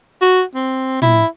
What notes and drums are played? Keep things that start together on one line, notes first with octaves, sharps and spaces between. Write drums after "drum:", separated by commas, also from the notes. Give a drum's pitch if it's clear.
F#4
C4
E4, drum: tom